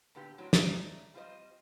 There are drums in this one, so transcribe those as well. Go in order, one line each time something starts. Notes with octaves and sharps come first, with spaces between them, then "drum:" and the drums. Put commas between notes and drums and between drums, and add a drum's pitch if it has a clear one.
A#2 D3 B3 G4
A2 F#3 C4 D4
A3 C#4 D#4 D5, drum: snare
G3 C4 F4 G4 C5 D#5